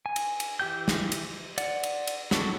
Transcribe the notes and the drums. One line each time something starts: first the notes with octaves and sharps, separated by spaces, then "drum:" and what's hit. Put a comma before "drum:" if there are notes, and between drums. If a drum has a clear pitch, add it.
G#5
drum: cymbal
drum: cymbal
E3 G4 G5 G6
drum: snare
drum: cymbal
D5 F#5, drum: cymbal
drum: cymbal
drum: cymbal
F#3 C4 F#4 A4, drum: snare